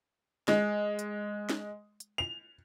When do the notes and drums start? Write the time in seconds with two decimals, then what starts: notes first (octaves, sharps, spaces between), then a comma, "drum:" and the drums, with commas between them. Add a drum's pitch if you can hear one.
0.48 G#3, drum: snare
0.99 drum: hi-hat
1.50 drum: snare
2.00 drum: hi-hat
2.18 F7